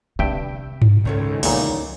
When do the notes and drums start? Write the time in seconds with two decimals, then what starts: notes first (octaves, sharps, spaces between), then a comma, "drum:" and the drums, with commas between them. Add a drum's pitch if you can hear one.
0.19 G2 C3 E5 G5
0.82 drum: tom G2
1.05 C#2 D#3 C#4 A4
1.43 E2 A#2 D3 F3 D#4 C#5, drum: open hi-hat